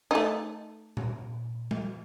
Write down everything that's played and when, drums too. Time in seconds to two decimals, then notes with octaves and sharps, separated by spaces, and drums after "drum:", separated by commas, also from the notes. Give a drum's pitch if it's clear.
0.11 A3 D#4
0.97 drum: tom A#2
1.71 drum: tom G3